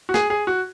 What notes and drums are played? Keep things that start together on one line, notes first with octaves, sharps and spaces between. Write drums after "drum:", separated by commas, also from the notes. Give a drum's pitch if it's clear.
F#4
G#4, drum: snare
G#4
F#4